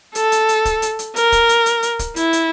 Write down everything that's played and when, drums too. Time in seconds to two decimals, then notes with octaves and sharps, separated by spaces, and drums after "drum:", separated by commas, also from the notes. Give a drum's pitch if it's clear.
0.15 A4, drum: hi-hat
0.32 drum: hi-hat
0.49 drum: hi-hat
0.65 drum: kick, hi-hat
0.82 drum: hi-hat
0.99 drum: hi-hat
1.16 A#4, drum: hi-hat
1.32 drum: kick, hi-hat
1.49 drum: hi-hat
1.66 drum: hi-hat
1.83 drum: hi-hat
1.99 drum: kick, hi-hat
2.16 E4, drum: hi-hat
2.33 drum: hi-hat